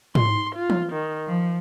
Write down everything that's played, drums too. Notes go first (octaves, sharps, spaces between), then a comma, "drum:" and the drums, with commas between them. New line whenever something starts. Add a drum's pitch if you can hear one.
C6, drum: tom G#2
F4
drum: tom E3
D#3
F3